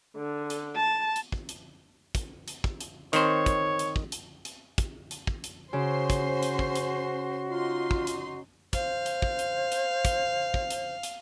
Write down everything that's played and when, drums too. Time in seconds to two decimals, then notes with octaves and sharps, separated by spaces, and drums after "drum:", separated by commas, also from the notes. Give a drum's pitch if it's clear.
0.17 D3
0.50 drum: hi-hat
0.76 A5
1.16 drum: hi-hat
1.32 drum: kick
1.49 drum: hi-hat
2.15 drum: kick, hi-hat
2.48 drum: hi-hat
2.64 drum: kick
2.81 drum: hi-hat
3.13 D#3 C4 C5 C#5, drum: hi-hat
3.46 drum: kick, hi-hat
3.79 drum: hi-hat
3.96 drum: kick
4.12 drum: hi-hat
4.45 drum: hi-hat
4.78 drum: kick, hi-hat
5.11 drum: hi-hat
5.27 drum: kick
5.44 drum: hi-hat
5.73 C#3 C#4 F#4 C5 C6
6.10 drum: kick, hi-hat
6.43 drum: hi-hat
6.59 drum: kick
6.75 drum: hi-hat
7.49 D#4 F4 C6
7.91 drum: kick
8.07 drum: hi-hat
8.73 C5 F5, drum: kick, hi-hat
9.06 drum: hi-hat
9.22 drum: kick
9.39 drum: hi-hat
9.72 drum: hi-hat
10.05 drum: kick, hi-hat
10.54 drum: kick
10.70 drum: hi-hat
11.03 drum: hi-hat